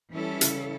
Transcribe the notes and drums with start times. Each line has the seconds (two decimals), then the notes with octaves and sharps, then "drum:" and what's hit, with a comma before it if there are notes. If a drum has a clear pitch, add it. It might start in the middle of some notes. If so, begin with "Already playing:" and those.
0.12 E3 G3 C#4 E4 A4
0.41 C#3, drum: hi-hat